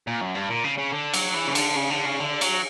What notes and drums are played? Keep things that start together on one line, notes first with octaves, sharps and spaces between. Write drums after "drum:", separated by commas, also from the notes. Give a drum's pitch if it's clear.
A#2
F#2
G2
A#2
C#3
C#3
D3
F#3, drum: cymbal
E3
C#3
D3, drum: cymbal
C#3
D3
C#3
D3
F#3, drum: cymbal